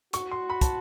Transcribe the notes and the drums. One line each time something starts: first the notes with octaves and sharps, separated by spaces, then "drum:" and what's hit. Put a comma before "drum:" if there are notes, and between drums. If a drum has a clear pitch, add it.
F#4 C#6, drum: hi-hat
C6
B5
A5, drum: kick, hi-hat